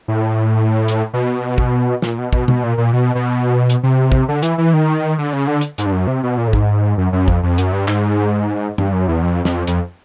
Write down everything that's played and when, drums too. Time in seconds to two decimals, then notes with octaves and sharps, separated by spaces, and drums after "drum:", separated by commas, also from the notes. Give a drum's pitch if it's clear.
0.08 A2
0.88 drum: hi-hat
1.13 B2
1.58 drum: kick
2.02 A#2, drum: snare
2.18 B2
2.33 B2, drum: kick
2.48 B2, drum: tom
2.64 A#2
2.78 A#2
2.93 B2
3.15 B2
3.70 drum: hi-hat
3.83 C3
4.12 drum: kick
4.28 D3
4.43 E3, drum: hi-hat
4.58 E3
4.73 D#3
5.18 D3
5.33 C#3
5.47 D3
5.61 drum: hi-hat
5.78 G#2, drum: hi-hat
5.86 G2
5.92 F#2
6.07 C3
6.23 B2
6.38 A#2
6.47 A2
6.53 G#2, drum: kick
6.97 F#2
7.13 F#2
7.28 F2, drum: kick
7.43 F2
7.58 F#2, drum: hi-hat
7.72 G2
7.88 G#2, drum: clap
8.78 G2, drum: tom G2
8.93 F#2
9.08 E2
9.22 F2
9.45 F2, drum: snare
9.67 F2, drum: hi-hat